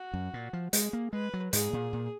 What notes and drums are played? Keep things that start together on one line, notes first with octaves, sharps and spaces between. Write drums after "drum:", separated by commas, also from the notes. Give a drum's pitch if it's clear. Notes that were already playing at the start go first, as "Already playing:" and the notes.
Already playing: F#4
F#2
A#2
F3
G#3 G#4, drum: hi-hat
A#3
G#3 B4
F#3
G#2 G#4, drum: hi-hat
A#2
A#2